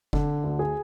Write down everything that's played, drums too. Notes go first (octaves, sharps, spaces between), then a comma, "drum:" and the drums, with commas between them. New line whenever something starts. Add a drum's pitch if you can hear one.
D3, drum: kick F#1
D2
G#4